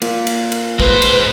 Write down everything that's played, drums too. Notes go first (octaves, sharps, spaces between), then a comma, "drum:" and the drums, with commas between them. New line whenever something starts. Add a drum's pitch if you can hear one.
A#3 F4, drum: cymbal
drum: cymbal
drum: cymbal
G#3 B4 C5, drum: kick
drum: cymbal